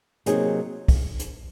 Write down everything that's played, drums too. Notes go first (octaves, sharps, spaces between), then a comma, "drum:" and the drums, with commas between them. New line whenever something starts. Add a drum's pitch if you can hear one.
C3 F#3 A#3 D#4 G#4, drum: hi-hat
drum: kick, open hi-hat
drum: hi-hat